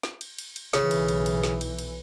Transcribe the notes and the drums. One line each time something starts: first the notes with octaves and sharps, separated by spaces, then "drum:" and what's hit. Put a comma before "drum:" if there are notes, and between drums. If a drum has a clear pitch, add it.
drum: snare
drum: cymbal
drum: cymbal
drum: cymbal
B1 C#3 E3, drum: snare
drum: cymbal
drum: cymbal
drum: cymbal
drum: snare
drum: cymbal
drum: cymbal